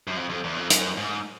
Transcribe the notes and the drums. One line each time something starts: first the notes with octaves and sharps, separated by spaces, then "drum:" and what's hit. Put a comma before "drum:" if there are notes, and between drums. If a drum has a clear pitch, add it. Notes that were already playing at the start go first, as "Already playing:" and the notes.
F#2
F2
F2
E2
F2
F#2, drum: hi-hat
G#2